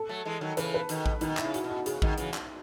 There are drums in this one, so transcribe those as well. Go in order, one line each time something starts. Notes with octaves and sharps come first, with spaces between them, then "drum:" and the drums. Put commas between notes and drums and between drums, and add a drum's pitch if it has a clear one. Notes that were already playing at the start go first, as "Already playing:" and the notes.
Already playing: A4
F#3 A3
E3 G#3
D#3 F#3
C#3 E3 B4, drum: hi-hat
B4
B2 D#3, drum: hi-hat
drum: kick A1
B2 D#3 D#4, drum: hi-hat
E4, drum: clap
C#3
F#4, drum: hi-hat
B2
F#4
C#3 G#4, drum: hi-hat
B2 D#3, drum: kick A1
C#3 E3, drum: hi-hat
drum: clap